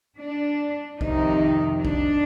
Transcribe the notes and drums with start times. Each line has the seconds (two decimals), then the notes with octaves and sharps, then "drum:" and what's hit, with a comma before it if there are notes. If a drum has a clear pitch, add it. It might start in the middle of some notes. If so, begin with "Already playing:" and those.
0.17 D4
1.01 F2 C3 D#3 D#4, drum: kick B1
1.85 D4, drum: kick B1